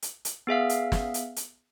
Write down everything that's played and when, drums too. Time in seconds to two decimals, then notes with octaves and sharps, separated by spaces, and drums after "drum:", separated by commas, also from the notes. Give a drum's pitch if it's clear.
0.02 drum: hi-hat
0.25 drum: hi-hat
0.47 B3 G#4 E5 F5
0.69 drum: hi-hat
0.92 drum: snare
1.14 drum: hi-hat
1.36 drum: hi-hat